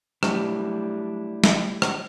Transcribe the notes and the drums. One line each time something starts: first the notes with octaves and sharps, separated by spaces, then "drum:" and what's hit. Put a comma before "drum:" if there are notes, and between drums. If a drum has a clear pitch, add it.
F#3 G3 A3 D4 E4 G4, drum: rim click
drum: snare
drum: rim click